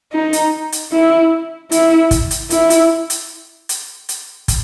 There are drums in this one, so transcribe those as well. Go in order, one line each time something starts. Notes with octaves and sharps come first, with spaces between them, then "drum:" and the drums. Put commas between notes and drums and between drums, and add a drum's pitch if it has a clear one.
D#4
drum: hi-hat
drum: hi-hat
E4
E4, drum: hi-hat
drum: kick, hi-hat
drum: hi-hat
E4, drum: hi-hat
drum: hi-hat
drum: hi-hat
drum: hi-hat
drum: hi-hat
drum: kick, hi-hat